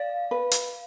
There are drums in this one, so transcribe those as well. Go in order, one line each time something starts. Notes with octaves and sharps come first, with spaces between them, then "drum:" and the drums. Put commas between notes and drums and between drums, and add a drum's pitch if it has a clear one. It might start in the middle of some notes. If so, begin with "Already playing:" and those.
Already playing: D5 F5
B4
drum: hi-hat